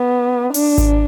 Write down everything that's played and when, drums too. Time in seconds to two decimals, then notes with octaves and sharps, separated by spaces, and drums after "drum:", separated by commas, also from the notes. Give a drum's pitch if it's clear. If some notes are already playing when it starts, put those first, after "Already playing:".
Already playing: B3
0.54 D4, drum: open hi-hat
0.78 drum: kick G#1, hi-hat